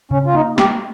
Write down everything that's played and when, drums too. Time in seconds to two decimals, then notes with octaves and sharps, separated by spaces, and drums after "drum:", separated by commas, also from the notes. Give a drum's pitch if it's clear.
0.11 C#3 C#4
0.26 F4
0.34 A#3 D#4
0.58 A#3 G4, drum: snare